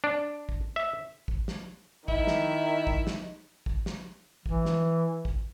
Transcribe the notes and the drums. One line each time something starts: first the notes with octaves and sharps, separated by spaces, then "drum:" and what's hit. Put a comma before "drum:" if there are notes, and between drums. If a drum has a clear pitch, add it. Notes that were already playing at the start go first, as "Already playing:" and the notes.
D4
drum: kick
E5
drum: kick
drum: snare
D#3 E4 E5, drum: kick
drum: snare
drum: kick
drum: snare
drum: kick
drum: snare
E3, drum: kick
drum: snare
drum: kick